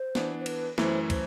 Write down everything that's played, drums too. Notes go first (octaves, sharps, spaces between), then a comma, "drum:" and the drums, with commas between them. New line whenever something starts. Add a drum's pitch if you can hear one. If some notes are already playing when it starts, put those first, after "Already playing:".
Already playing: C5
E3 B3 D4, drum: snare
C5
B4, drum: cymbal
F#2 E3 A3 E4 C5, drum: snare
C5, drum: kick, cymbal